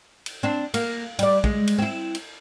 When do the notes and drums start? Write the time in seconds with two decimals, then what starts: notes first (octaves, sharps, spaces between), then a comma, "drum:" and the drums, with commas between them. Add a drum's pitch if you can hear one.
0.26 drum: cymbal
0.43 C4 D4
0.74 A#3, drum: cymbal
1.19 G3 D5, drum: cymbal
1.44 G#3, drum: kick
1.67 drum: cymbal
1.78 C4 E4
2.15 drum: cymbal